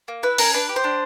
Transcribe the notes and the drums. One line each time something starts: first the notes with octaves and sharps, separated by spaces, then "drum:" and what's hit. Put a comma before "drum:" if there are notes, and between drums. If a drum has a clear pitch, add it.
A#3
E4 B4
C#4 A#4, drum: open hi-hat
D4 B4
G4
C5
D4